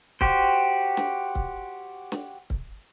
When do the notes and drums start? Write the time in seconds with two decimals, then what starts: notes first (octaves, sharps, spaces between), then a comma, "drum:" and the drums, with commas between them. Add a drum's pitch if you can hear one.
0.21 F#4 G4 C5, drum: kick C#1
0.97 drum: snare
1.35 drum: kick C#1
2.12 drum: snare
2.50 drum: kick C#1